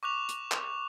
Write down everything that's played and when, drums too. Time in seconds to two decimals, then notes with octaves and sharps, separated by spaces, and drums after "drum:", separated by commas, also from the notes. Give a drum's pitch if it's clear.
0.03 C#6 D6 F#6 F7
0.29 drum: hi-hat
0.52 drum: clap